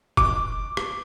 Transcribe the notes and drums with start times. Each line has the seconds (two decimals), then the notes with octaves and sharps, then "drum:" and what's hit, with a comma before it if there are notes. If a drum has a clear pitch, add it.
0.17 D6, drum: kick F1
0.77 drum: rim click